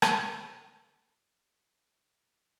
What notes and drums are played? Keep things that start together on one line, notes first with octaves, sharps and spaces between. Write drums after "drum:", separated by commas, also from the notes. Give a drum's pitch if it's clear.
drum: rim click
F#2
B3
A#3
D3
F#6
F1
A#4
C6
D#3
G#5
D4
B1